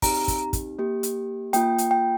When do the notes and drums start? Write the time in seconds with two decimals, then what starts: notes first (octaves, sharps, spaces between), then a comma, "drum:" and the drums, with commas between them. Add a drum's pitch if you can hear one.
0.02 C4 D#4 G4 A#5, drum: kick, open hi-hat
0.28 drum: kick, hi-hat
0.53 drum: kick, hi-hat
0.79 A#3 G4
1.03 drum: hi-hat
1.53 A#3 F4 G5, drum: hi-hat
1.78 drum: hi-hat
1.91 G5